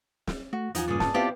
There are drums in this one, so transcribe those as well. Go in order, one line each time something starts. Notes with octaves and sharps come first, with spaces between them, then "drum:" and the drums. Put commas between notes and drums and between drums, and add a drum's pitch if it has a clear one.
drum: snare
A3 F#4
E2 F3 D#4 F4 F#5 G#5, drum: hi-hat
G2 A#2 C#3 G#4 D5
A5, drum: snare
B3 C4 E4 F4 G4 D5